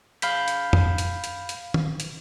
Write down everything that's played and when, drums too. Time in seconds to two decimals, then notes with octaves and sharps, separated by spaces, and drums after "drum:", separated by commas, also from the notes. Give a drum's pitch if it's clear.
0.22 F5 B5 G6 B6, drum: hi-hat
0.48 drum: hi-hat
0.73 drum: tom F2
0.98 drum: hi-hat
1.24 drum: hi-hat
1.49 drum: hi-hat
1.74 drum: tom D#3
2.00 drum: hi-hat